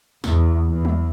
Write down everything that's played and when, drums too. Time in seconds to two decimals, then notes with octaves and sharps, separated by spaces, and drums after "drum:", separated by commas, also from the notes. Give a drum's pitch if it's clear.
0.24 E2, drum: snare
0.67 E2
0.85 drum: tom